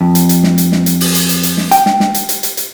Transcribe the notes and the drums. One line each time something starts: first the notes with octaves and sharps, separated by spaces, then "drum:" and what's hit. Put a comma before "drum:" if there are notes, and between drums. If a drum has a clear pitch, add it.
F2
drum: hi-hat
drum: hi-hat
drum: snare
drum: hi-hat
drum: snare
drum: hi-hat
drum: open hi-hat
drum: hi-hat
drum: hi-hat
drum: hi-hat
drum: snare
G5, drum: hi-hat
drum: snare
drum: snare
drum: hi-hat
drum: hi-hat
drum: hi-hat
drum: hi-hat